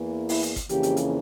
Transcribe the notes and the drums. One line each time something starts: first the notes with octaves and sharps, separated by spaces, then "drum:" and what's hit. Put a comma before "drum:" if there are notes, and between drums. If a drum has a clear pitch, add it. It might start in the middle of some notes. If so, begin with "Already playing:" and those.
Already playing: E2 E3 A#3
E4, drum: open hi-hat
drum: hi-hat
drum: kick G1, hi-hat
F2 C#3 E3 A#3 G4, drum: hi-hat
drum: hi-hat
drum: hi-hat